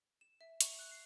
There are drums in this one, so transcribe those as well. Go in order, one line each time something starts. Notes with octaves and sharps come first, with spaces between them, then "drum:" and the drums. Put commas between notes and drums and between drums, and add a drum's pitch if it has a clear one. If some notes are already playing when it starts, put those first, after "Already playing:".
E7
E5
C#6, drum: hi-hat
F#6
C7